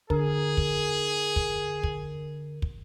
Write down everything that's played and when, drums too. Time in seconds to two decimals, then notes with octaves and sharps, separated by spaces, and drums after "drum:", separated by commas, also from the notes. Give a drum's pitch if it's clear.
0.10 D3 G#4 A#4, drum: kick
0.57 drum: kick
1.36 drum: kick
1.83 drum: kick
2.62 drum: kick